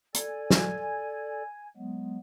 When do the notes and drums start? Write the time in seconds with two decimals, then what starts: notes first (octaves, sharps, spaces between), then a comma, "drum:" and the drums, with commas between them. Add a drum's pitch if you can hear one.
0.14 A4 D5 G#5 G#6, drum: hi-hat
0.51 drum: snare
1.77 F#3 G#3 B3